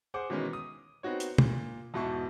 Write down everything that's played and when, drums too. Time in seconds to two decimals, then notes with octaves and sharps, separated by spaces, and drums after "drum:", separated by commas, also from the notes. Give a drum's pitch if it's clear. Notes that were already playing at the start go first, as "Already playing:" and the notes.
0.14 G#4 C5 F#5 D6
0.30 B2 D#3 E3 G#3 C#4
0.53 D#6
1.03 B3 C4 D#4 F#4 C#5
1.20 drum: hi-hat
1.38 A#2, drum: tom
1.94 E2 G#2 B2 E4 A5 C#6